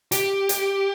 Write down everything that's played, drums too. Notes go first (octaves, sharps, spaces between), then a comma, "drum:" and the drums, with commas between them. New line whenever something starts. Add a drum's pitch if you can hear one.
G4, drum: hi-hat
drum: hi-hat